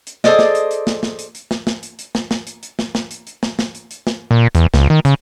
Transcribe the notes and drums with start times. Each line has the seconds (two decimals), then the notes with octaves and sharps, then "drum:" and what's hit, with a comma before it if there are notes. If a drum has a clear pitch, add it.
0.07 drum: hi-hat
0.24 G#4 A4 C5 D5 D#5, drum: snare
0.39 drum: snare
0.55 drum: hi-hat
0.71 drum: hi-hat
0.87 drum: snare
1.03 drum: snare
1.19 drum: hi-hat
1.35 drum: hi-hat
1.51 drum: snare
1.67 drum: snare
1.83 drum: hi-hat
1.99 drum: hi-hat
2.15 drum: snare
2.31 drum: snare
2.47 drum: hi-hat
2.63 drum: hi-hat
2.79 drum: snare
2.95 drum: snare
3.11 drum: hi-hat
3.27 drum: hi-hat
3.43 drum: snare
3.59 drum: snare
3.75 drum: hi-hat
3.91 drum: hi-hat
4.07 drum: snare
4.31 A#2
4.55 E2, drum: hi-hat
4.74 C#2, drum: snare
4.90 D#3
5.05 C#3, drum: hi-hat